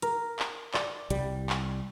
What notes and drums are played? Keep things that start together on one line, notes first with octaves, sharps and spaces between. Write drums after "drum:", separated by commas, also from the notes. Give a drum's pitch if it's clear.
A#4, drum: hi-hat
drum: clap
D5, drum: clap
C2 G3, drum: hi-hat
drum: clap